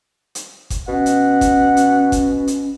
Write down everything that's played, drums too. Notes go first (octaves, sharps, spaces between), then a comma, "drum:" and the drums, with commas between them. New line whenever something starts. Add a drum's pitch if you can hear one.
drum: hi-hat
drum: kick F#1, hi-hat
B2 C#4 F#5
drum: hi-hat
drum: kick F#1, hi-hat
drum: hi-hat
drum: kick F#1, hi-hat
drum: hi-hat